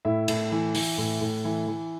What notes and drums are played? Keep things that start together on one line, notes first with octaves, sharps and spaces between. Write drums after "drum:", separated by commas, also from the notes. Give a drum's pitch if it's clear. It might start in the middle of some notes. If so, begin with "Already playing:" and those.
A2 E4 E5
A2, drum: cymbal
E3
E3, drum: open hi-hat
A2
A2
E3
E3